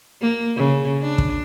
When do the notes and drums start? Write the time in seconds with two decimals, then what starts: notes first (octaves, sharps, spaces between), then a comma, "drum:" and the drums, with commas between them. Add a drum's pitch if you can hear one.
0.22 A#3
0.57 C#3
1.02 D4
1.18 drum: kick